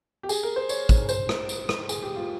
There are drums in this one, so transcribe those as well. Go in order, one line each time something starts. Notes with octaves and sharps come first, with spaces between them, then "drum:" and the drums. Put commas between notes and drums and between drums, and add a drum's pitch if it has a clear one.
G4
G#4, drum: tambourine
A#4
C5
C#5, drum: tambourine
drum: kick A1, tambourine
C5, drum: tambourine
drum: rim click
drum: tambourine
drum: rim click
G#4, drum: tambourine
G4
F4